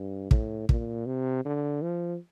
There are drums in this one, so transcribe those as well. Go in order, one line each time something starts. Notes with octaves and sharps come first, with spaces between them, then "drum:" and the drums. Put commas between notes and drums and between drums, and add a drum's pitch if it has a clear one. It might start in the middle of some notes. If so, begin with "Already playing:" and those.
Already playing: G2
A2, drum: kick
A#2, drum: kick
C3
D3
F3